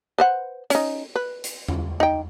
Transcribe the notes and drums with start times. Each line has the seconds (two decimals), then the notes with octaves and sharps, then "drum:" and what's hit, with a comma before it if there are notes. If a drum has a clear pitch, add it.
0.18 B4 C5 F#5
0.70 C#4 D#4, drum: hi-hat
1.16 B4
1.44 drum: hi-hat
1.68 drum: tom E2
2.00 D#4 G5